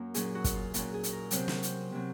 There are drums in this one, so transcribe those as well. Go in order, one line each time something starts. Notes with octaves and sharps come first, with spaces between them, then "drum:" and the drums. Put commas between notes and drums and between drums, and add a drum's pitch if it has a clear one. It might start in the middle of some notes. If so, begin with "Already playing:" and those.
Already playing: F#2 A#3 F#4
A#2 F#3 C#4 G#4, drum: hi-hat
F#4
drum: kick, hi-hat
F4
A#2 F#3 C#4 F#4, drum: hi-hat
G#4
drum: hi-hat
A#4
C3 F#3 C4 C5, drum: hi-hat
drum: snare
drum: hi-hat
C3 F#3 C4